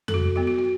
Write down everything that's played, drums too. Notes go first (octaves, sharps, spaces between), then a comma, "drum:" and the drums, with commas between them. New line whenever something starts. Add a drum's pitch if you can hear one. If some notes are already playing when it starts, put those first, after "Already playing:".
A4, drum: tom F2
F#4
F#3 B3 F#4
F#4
F#4